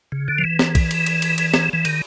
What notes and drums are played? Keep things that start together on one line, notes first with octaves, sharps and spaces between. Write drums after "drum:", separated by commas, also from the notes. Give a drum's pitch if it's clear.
C#3
D3
F3
E3
drum: snare
drum: kick, cymbal
drum: cymbal
drum: cymbal
drum: cymbal
drum: cymbal
drum: snare
E3
D#3, drum: cymbal